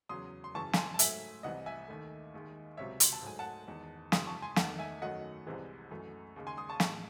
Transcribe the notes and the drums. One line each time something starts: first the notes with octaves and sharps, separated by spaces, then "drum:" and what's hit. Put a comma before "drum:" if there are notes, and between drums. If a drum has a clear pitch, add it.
E2 C#3 F#3 C6 D#6
C6
F#2 C#3 E3 A5 C#6
A5, drum: snare
G#5 C6
A5
G#2 F#3 A3 E5 G#5, drum: hi-hat
C2 C3 E3 D#5 F#5
E5 G#5
D#2 D#3 A3
D#2 D#3 G#3
C#2 C3 F#3 C#5 E5
C6, drum: hi-hat
A5
G#2 F#3 A3 G#5
F#5 A5
E2 D#3 G#3
F#2 C#3 E3 C6 D#6, drum: snare
A5 C#6
G#5 C6
E2 D#3 A3 F#5 A5, drum: snare
E5 G#5
F#2 D#3 F#3 A3 D#5 F#5
C2 C3 E3 G#3
F#2 E3 A3
D#2 C#3 G#3
G#5 C6
C6 D#6
A5 C#6
A2 G#3 A5 C#6, drum: snare